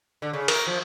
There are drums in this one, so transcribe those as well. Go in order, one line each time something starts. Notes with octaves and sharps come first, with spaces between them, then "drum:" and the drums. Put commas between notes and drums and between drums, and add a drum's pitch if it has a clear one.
D3
C#3
A#4, drum: cymbal
F3